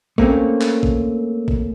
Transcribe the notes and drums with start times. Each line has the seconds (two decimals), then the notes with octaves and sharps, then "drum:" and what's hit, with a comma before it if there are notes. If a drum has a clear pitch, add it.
0.18 A3 A#3 C4 C#4, drum: kick
0.61 drum: clap
0.83 drum: kick
1.48 drum: kick